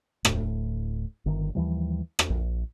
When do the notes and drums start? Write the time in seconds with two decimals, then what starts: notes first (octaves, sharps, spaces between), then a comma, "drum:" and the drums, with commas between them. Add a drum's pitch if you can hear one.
0.25 D1 A2, drum: rim click
1.26 G1 D#3
1.55 D#2 E3 F3 G3
2.19 drum: rim click
2.30 A#1